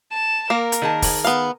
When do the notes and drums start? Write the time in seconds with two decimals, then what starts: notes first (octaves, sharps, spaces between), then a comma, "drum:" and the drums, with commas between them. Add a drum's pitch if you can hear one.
0.12 A5 E7
0.50 A#3 A#4
0.72 drum: hi-hat
0.82 D#3 G#4 A5
1.02 drum: kick, open hi-hat
1.24 B3 F5